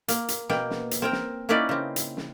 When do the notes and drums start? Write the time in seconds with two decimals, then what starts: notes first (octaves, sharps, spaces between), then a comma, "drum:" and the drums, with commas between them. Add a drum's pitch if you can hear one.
0.08 A#3, drum: hi-hat
0.28 drum: hi-hat
0.49 B2 A#3 G5, drum: snare
0.70 drum: snare
0.91 drum: hi-hat
1.02 C4 A#4 G5
1.12 drum: snare
1.49 A#3 C#4 D#4 E4 B4 D5
1.69 C#3 C4
1.96 drum: hi-hat
2.17 drum: snare